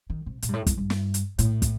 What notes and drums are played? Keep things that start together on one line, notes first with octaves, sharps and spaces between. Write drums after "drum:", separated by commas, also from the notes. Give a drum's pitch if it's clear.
D#3
C3
A#2, drum: hi-hat
G2
A2
G2, drum: kick, hi-hat
G2
drum: snare
drum: hi-hat
A2, drum: hi-hat
drum: kick, hi-hat